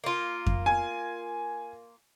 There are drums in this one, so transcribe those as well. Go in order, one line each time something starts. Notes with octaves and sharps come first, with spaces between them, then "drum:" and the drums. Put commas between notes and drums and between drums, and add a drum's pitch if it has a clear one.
A#3 F4
drum: kick F2
G#5